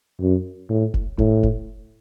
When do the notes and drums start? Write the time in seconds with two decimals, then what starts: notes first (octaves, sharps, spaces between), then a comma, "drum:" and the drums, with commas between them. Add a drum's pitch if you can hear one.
0.20 F#2
0.69 A2
0.94 drum: kick F1
1.18 A2, drum: kick F1
1.43 drum: kick F1